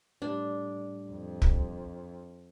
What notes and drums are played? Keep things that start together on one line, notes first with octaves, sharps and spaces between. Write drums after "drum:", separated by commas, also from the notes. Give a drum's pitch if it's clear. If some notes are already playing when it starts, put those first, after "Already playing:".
A2 G3 D4
F2
drum: kick